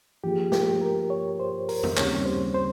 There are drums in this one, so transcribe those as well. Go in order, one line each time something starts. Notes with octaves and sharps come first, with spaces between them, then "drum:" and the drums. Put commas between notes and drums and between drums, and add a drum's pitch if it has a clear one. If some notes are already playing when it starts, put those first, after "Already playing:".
F3 A#3 F4 G4 G#4
G4, drum: snare
A#4
C#5
C5
A#4, drum: open hi-hat
drum: tom
D#2 C#3 G3 C4 C#5, drum: clap
C5
C5